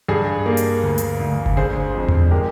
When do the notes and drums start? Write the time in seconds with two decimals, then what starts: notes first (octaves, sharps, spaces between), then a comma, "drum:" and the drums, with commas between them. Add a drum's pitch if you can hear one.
0.08 G2 G#4
0.46 A#3
0.57 drum: hi-hat
0.83 D2
0.98 drum: hi-hat
1.20 D2
1.46 drum: kick G1
1.57 D3 G#4 C5
1.94 F2
2.08 drum: tom E2
2.31 G#3 G4 A#4